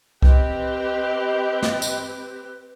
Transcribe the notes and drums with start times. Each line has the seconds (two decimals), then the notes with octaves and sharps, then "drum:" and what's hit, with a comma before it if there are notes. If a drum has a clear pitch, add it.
0.22 C4 G4 B4 D#5 G5, drum: kick C2
1.63 drum: snare
1.82 drum: tambourine